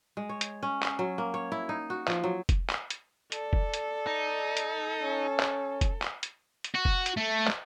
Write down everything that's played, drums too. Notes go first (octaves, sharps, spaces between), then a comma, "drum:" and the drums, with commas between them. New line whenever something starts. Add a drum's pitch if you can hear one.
G#3
C#5
drum: hi-hat
C#4
drum: clap
F#3
A#3
C#5
E4
D#4
F#4
F3, drum: clap
F#3
drum: kick, hi-hat
drum: clap
drum: hi-hat
A4 D5, drum: hi-hat
drum: kick
drum: hi-hat
D#4
drum: hi-hat
C#4
drum: clap
drum: kick, hi-hat
drum: clap
drum: hi-hat
drum: hi-hat
F#4
drum: kick
drum: hi-hat
A3
drum: clap